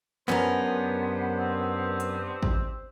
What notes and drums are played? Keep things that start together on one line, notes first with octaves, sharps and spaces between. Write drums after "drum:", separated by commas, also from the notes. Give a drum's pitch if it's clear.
F#2 B3 C#4 D4 G4 A#4 C5, drum: clap
C4
drum: hi-hat
drum: kick G#1